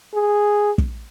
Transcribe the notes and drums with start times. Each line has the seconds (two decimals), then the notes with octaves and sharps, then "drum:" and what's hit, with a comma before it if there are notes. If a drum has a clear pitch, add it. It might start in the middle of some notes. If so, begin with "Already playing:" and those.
0.14 G#4
0.78 drum: kick